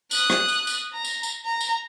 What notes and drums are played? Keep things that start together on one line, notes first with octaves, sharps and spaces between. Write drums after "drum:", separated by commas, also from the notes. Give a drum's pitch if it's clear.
D#6 F#6, drum: tambourine
drum: rim click
drum: tambourine
drum: tambourine
A#5
drum: tambourine
drum: tambourine
A#5
drum: tambourine